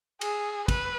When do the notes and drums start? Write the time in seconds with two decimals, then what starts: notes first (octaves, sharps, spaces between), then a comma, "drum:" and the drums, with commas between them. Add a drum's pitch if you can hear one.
0.21 G#4, drum: cymbal
0.68 B4, drum: kick, cymbal